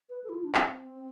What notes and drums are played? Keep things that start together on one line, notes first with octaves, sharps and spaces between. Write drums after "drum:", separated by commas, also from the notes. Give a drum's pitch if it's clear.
B4
A4
E4
F4
D4
C4, drum: clap